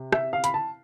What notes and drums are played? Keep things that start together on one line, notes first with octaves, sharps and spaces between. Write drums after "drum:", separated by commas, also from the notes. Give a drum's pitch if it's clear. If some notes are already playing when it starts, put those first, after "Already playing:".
Already playing: C3
E5, drum: rim click
F5
B5, drum: hi-hat
A5